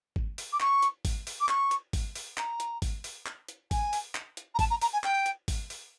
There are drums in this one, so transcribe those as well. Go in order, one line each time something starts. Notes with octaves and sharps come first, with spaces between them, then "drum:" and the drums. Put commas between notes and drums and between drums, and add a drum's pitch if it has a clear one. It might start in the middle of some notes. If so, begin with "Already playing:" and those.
drum: kick G#1
drum: open hi-hat
D6
C#6, drum: clap
drum: hi-hat
drum: kick G#1, open hi-hat
drum: open hi-hat
D6
C#6, drum: clap
drum: hi-hat
drum: kick G#1, open hi-hat
drum: open hi-hat
A#5, drum: clap
drum: hi-hat
drum: kick G#1, open hi-hat
drum: open hi-hat
drum: clap
drum: hi-hat
G#5, drum: kick G#1, open hi-hat
drum: open hi-hat
drum: clap
drum: hi-hat
A#5
A5, drum: kick G#1, open hi-hat
A#5
A#5, drum: open hi-hat
G#5
G5, drum: clap
drum: hi-hat
drum: kick G#1, open hi-hat
drum: open hi-hat